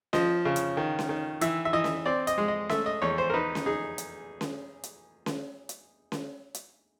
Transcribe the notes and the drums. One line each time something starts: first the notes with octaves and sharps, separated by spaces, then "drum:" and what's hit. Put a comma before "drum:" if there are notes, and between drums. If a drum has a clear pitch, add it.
F3 D#5, drum: snare C#4
C#3
drum: hi-hat
D#3
drum: snare C#4
D#3
E3 E5, drum: hi-hat
E5
E3 D#5
drum: snare C#4
C4 D5
D#5, drum: hi-hat
G#3
D#5
A3 E5, drum: snare C#4
D#5
E2 C#5
C5
A#4
D#4 B4
drum: snare C#4
D#4 G#4
drum: hi-hat
drum: snare C#4
drum: hi-hat
drum: snare C#4
drum: hi-hat
drum: snare C#4
drum: hi-hat